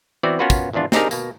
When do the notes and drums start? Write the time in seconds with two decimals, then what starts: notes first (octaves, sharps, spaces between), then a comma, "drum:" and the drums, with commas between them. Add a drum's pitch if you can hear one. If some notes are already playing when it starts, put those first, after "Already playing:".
0.23 E3 B3 C4 F#4 D5
0.39 B3 C#4 F4 F#4 A#4 B4
0.50 drum: kick, tambourine
0.73 G#1 E2 B3 D4 F4
0.92 C4 D4 D#4 G4 G#4 A#4, drum: snare
1.11 B2 A#3, drum: tambourine